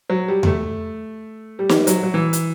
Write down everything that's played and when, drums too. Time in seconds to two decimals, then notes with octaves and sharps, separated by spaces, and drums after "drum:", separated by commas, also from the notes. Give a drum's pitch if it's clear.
0.10 F#3
0.28 G3
0.43 G3, drum: tom E2
0.47 A3
1.59 G3
1.69 drum: snare
1.87 F#3, drum: hi-hat
2.03 F#3
2.14 E3
2.33 drum: hi-hat